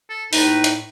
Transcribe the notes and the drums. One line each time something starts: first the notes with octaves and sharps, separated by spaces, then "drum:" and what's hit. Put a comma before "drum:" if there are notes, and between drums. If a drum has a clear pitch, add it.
A4
A2 D#4 B4, drum: open hi-hat
drum: hi-hat